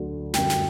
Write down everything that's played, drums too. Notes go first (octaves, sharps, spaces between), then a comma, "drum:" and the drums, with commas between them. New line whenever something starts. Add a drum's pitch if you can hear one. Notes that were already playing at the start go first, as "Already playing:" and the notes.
Already playing: D2 D3 F#3
F#2 D3 G3 G5, drum: snare
drum: snare